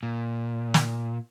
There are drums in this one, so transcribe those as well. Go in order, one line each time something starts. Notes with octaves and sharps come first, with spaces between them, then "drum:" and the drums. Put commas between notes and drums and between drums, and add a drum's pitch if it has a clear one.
A#2
drum: snare